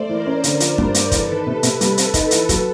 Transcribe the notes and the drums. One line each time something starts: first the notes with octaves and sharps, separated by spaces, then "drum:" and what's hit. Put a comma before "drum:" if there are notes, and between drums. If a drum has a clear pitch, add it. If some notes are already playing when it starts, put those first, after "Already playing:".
Already playing: A3 C5 D5
E3 A#4
C#4
D3, drum: hi-hat
F3, drum: hi-hat
G2, drum: kick
G2, drum: hi-hat
E2 A4 B4, drum: kick, hi-hat
D#3
C3
C3, drum: hi-hat
G3, drum: hi-hat
C4, drum: hi-hat
D#4, drum: kick, hi-hat
E3, drum: hi-hat
F#3, drum: kick, hi-hat